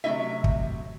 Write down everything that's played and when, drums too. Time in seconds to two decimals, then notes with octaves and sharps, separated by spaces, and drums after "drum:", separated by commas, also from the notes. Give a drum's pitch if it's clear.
0.04 C3 F#3 A3 E4 D#5 E5
0.44 drum: kick